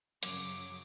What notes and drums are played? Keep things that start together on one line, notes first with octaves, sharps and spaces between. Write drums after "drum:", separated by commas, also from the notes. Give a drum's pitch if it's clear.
F#2 C#3 F#3 D6, drum: hi-hat